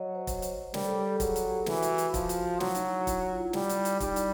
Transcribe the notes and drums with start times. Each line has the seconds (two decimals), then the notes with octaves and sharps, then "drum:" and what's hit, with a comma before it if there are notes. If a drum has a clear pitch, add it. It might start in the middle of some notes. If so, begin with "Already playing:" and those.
Already playing: F#3 C#5 D#5
0.15 C5
0.27 C5, drum: kick, hi-hat
0.42 drum: hi-hat
0.74 G3 A#4, drum: snare
0.85 A4
0.97 G4
1.09 G4
1.20 F#3 G#4, drum: kick, hi-hat
1.36 drum: hi-hat
1.66 E3 F#4, drum: snare
1.82 drum: hi-hat
1.98 drum: hi-hat
2.14 F3, drum: kick, hi-hat
2.29 drum: hi-hat
2.60 F#3 E4, drum: snare
2.75 D#4, drum: hi-hat
2.88 E4
3.07 E4, drum: kick, hi-hat
3.30 F4
3.53 G3 E4, drum: snare
3.69 drum: hi-hat
3.85 drum: hi-hat
4.00 G3 D#4, drum: kick, hi-hat
4.16 drum: hi-hat